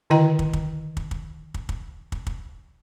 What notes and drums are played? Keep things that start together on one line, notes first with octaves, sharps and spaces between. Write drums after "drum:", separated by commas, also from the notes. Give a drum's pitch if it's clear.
D3 D#3 E4 D#5 G5 A#5
drum: kick
drum: kick
drum: kick
drum: kick
drum: kick
drum: kick
drum: kick
drum: kick